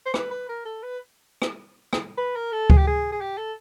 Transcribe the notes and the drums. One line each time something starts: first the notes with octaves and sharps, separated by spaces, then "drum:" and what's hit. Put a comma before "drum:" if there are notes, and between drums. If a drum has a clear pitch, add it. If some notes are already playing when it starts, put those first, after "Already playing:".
C5
B4, drum: rim click
B4
A#4
A4
B4
drum: rim click
drum: rim click
B4
A#4
A4
G#4, drum: kick D2
G4
G#4
G#4
G4
A4